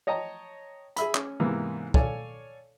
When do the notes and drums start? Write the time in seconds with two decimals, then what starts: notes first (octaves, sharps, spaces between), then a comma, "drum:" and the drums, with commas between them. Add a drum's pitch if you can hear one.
0.07 C#5 D#5 G5 A5 A#5
0.96 G#4 E5 B5, drum: hi-hat
1.15 C#4, drum: clap
1.40 G#2 C3 E3 A#3 B3
1.94 A4 C#5 D5 F5 G#5, drum: kick